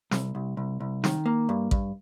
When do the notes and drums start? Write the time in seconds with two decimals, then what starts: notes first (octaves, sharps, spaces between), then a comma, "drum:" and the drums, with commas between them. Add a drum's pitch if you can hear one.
0.11 C2, drum: snare
0.35 C2
0.57 C2
0.80 C2
1.04 D#3, drum: snare
1.26 A#3
1.49 G2
1.71 G2, drum: kick A1